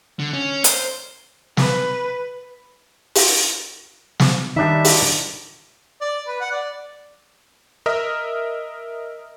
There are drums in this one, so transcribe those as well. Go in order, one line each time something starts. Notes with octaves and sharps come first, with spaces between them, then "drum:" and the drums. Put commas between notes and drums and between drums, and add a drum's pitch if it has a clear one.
D3
C#4
C5, drum: hi-hat
B4, drum: snare
drum: open hi-hat
drum: snare
D#3 G3 D4 D#4 E5
drum: open hi-hat
D5
B4
F#5
D5
A#4 D#5 E5 E6 F6